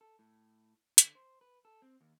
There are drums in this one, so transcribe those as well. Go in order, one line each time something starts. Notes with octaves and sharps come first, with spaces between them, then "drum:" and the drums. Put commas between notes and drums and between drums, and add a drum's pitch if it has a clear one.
A4
A2
D3, drum: hi-hat
C5
B4
A4
C4
D#2